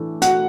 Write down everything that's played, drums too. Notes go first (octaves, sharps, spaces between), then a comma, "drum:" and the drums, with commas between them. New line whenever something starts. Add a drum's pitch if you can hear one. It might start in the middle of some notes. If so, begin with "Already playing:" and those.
Already playing: A2 E3 A3 D4
F#4 F#5, drum: hi-hat